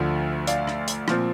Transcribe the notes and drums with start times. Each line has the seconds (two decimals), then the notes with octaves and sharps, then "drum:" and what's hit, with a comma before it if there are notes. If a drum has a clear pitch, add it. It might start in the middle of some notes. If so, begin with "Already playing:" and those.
Already playing: D2 D3 F3 A3
0.47 D5 F5, drum: hi-hat
0.67 drum: rim click
0.88 drum: hi-hat
1.08 A#2 F3 C4, drum: rim click